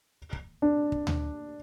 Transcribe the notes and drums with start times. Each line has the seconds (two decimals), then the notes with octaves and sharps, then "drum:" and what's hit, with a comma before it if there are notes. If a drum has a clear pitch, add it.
0.33 drum: kick
0.62 D4
0.92 drum: kick
1.07 drum: tom D2